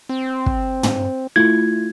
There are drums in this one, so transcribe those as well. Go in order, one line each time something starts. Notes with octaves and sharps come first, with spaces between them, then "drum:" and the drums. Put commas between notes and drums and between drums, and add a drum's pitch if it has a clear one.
C4
drum: kick
drum: tom
A3 E4 F4 G#6